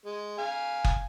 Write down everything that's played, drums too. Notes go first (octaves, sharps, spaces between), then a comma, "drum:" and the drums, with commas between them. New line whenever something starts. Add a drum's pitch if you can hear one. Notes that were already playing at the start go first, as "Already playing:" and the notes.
G#3
F5 G#5
drum: kick F#1